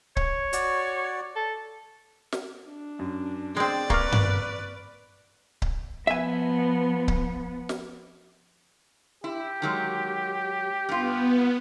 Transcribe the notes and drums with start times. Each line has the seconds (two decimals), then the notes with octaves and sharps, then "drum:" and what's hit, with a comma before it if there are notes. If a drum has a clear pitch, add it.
0.17 C#5, drum: kick C#1
0.53 F#4 D5, drum: hi-hat
1.36 A4
2.32 drum: snare
2.67 D4
2.99 F#2
3.57 G#3 C4 D5
3.90 A#3 B4 C#6 D6 F6, drum: kick C#1
4.12 drum: tom G2
5.62 drum: kick C#1
6.07 F3 B3 E5 G#5
7.08 drum: kick C#1
7.69 drum: snare
9.24 E4 G4
9.62 D#3 F#3 G#3
10.89 G2 B3 F4